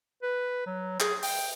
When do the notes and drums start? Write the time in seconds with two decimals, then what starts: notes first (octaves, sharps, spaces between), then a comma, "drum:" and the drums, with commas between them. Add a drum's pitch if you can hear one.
0.23 B4
0.66 F#3
1.00 G#4, drum: clap
1.23 G5, drum: open hi-hat